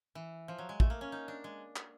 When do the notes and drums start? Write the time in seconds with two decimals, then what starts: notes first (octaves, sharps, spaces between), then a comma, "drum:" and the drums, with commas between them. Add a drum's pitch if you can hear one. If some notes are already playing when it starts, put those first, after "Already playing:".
0.15 E3
0.48 F3
0.58 F#3
0.69 G#3
0.80 A3, drum: kick
0.90 A#3
1.01 C#4
1.12 D#4
1.28 D4
1.44 G#3
1.76 drum: clap